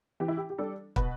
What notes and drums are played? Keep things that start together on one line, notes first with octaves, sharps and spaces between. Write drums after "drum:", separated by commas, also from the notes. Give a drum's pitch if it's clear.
E3 G4
E4
G4
G4
G3 D4 A4
B2 B4, drum: kick